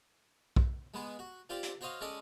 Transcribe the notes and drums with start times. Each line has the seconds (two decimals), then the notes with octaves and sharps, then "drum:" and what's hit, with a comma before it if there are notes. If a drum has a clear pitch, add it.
0.56 drum: kick
0.94 G#3 B3 G#4
1.19 F#4
1.49 C4 F4 G4 D5
1.63 drum: hi-hat
1.81 F#4 C5 C#5 D#5 F5
2.01 G#3 C#4 A4 D5 D#5